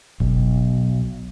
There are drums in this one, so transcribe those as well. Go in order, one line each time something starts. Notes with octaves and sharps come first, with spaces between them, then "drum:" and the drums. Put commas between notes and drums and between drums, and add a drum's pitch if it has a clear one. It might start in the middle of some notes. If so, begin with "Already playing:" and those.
B1, drum: kick F#1